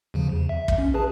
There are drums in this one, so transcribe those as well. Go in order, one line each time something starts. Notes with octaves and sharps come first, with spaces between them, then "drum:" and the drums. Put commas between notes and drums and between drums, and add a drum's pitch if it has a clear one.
D#2 C#3 F3
E2
E5
drum: kick
C#4
G#4 B4 A5